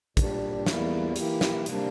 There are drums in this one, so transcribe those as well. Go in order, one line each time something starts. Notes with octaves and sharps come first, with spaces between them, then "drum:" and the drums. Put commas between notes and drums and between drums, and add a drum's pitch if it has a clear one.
A#2 G3 D4 G4, drum: kick, hi-hat
E2 E3 G3 A#3 E4, drum: snare
E3 A#3 E4 G4, drum: hi-hat
drum: snare
C3 G3 A#3 D4, drum: hi-hat